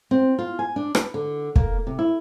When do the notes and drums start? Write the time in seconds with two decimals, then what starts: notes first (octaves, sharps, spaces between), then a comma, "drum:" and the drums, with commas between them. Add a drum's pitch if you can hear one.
0.11 C4
0.39 F4
0.59 G#5
0.76 D4
0.95 B4, drum: rim click
1.14 D3
1.56 A#3, drum: kick
1.87 C3
1.99 E4